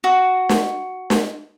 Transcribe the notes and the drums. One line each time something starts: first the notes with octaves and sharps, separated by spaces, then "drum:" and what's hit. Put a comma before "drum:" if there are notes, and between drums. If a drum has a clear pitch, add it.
F#4
drum: snare
drum: snare